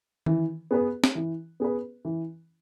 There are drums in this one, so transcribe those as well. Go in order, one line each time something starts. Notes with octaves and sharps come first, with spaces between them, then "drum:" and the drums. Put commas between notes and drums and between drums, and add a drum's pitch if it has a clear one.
E3, drum: tom D#3
B3 G#4 B4
drum: snare
E3
B3 G#4 B4
E3